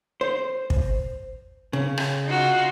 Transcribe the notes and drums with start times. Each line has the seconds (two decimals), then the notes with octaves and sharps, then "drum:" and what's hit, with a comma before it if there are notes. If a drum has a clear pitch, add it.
0.21 C5
0.70 drum: kick
1.73 C#3
1.98 drum: rim click
2.25 D#4 F4 F#4